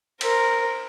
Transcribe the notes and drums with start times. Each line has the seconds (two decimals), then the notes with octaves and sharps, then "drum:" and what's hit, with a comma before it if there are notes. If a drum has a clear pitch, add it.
0.21 A#4 C5, drum: cymbal